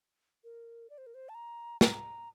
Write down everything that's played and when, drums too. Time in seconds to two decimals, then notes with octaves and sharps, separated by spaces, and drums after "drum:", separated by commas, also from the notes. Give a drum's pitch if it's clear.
0.44 A#4
0.90 D5
0.98 C5
1.06 A#4
1.14 C5
1.29 A5
1.35 A#5
1.81 A#5, drum: snare